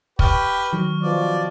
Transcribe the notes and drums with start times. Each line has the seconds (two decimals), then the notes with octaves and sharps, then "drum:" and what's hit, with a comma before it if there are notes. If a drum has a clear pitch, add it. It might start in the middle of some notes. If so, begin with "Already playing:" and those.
0.19 G4 B4 C#6 F6, drum: kick
0.73 D#3 F#3
1.03 B2 F3 D5